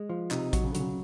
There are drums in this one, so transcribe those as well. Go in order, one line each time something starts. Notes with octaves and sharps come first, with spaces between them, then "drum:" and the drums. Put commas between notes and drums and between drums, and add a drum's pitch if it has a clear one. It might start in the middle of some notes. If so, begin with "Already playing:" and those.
Already playing: G#3
F3
C3 D#4, drum: clap
F#3, drum: kick A1, hi-hat
C#3
D3
C#3 F#3, drum: hi-hat